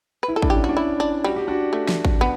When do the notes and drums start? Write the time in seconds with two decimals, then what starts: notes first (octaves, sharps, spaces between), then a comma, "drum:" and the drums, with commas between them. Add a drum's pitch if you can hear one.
0.23 B4
0.28 E4
0.36 A4
0.42 D4, drum: kick G#1
0.50 G4
0.55 C#4
0.64 F#4
0.69 D4
0.77 E4
1.00 D4
1.24 G3 F#4
1.36 G4
1.47 D4 F#4
1.73 A3
1.89 drum: snare
2.05 drum: kick G#1
2.21 B3